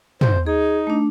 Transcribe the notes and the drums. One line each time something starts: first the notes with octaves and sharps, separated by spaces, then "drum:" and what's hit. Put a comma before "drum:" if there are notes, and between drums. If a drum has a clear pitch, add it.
C5, drum: tom
D#4 G#4
A3 D4